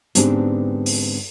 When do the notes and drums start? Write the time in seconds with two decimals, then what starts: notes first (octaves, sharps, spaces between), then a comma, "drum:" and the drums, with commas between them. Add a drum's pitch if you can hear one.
0.15 G#2 D3 B3 C4 D4 G4, drum: hi-hat
0.86 drum: open hi-hat